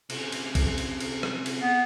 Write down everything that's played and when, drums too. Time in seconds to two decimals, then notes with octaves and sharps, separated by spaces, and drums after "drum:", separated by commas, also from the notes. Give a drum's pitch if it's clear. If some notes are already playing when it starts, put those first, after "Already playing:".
0.10 C3 C#4, drum: cymbal
0.32 drum: cymbal
0.55 drum: kick A#1, cymbal
0.78 drum: cymbal
1.00 drum: cymbal
1.23 drum: rim click
1.46 drum: cymbal
1.61 B3